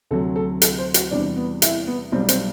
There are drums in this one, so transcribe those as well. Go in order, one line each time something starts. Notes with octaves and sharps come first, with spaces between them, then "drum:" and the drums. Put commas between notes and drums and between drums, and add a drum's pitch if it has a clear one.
D2 C3 F#3 A4
A4
A4, drum: hi-hat
C5
F#4, drum: hi-hat
E2 C3 G3 D4
B3
E4, drum: hi-hat
B3
B1 B2 G3 C4
C4, drum: hi-hat